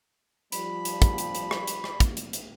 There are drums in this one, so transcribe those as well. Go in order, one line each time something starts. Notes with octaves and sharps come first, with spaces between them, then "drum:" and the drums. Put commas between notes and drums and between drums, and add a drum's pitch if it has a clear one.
F3 G3 B5, drum: hi-hat
drum: hi-hat
drum: kick, hi-hat
drum: hi-hat
drum: hi-hat
drum: rim click
drum: hi-hat
drum: rim click
drum: kick, hi-hat
drum: hi-hat
drum: hi-hat